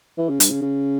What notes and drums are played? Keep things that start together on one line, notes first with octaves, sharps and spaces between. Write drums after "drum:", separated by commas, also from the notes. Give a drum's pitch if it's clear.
E3
C#3
G2, drum: hi-hat
C#3
C#3